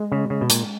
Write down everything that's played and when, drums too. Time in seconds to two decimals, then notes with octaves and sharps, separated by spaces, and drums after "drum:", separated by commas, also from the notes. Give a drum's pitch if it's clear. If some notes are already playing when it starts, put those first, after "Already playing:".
Already playing: G#3
0.12 C#3
0.30 C#3
0.41 B2
0.50 A#2, drum: hi-hat